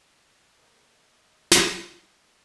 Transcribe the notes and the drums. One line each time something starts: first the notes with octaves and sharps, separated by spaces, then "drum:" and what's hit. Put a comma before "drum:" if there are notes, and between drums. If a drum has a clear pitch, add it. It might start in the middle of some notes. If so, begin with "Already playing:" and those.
A#3 G#4 C5
D#5
drum: snare